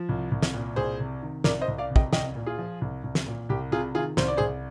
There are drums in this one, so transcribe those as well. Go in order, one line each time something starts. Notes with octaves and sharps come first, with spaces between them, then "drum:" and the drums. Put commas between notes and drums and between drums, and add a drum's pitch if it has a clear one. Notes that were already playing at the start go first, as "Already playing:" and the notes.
Already playing: F3
C2
C2
drum: snare
A#2
C2 G#4 C5
C3
D#3
C2 A#4 D5, drum: snare
C5 D#5
C2
D5 F5
C3
D#5 G5, drum: kick
C2 D#5 G5, drum: snare
A#2
F4 G#4
F3
C2
C2
drum: snare
A#2
C2 G4
C3 F4 G#4
D#3 F4 G#4
C2 C5, drum: snare
D5
C2 G#4 C5